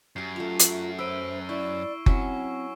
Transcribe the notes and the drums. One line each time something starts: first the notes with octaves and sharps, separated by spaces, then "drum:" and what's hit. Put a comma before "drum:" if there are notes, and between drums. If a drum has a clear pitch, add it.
F#2 G4 G#5 C7
A3 F4 A#5
drum: hi-hat
B4 C5 E6 D7 D#7
E4 D5 C#6
F#3 C4 C#4 E4 C#6, drum: kick F#1